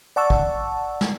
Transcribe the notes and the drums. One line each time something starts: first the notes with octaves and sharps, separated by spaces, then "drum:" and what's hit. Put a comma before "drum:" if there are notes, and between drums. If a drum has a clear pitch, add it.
D5 F#5 A5 C#6 E6
drum: kick
drum: snare